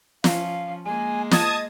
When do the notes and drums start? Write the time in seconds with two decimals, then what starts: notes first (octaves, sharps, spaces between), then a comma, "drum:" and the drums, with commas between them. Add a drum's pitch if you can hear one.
0.24 F3 C#4 F5, drum: snare
0.85 G#3 A#3 G#5
1.31 D#5 A5 D#6 G#6, drum: snare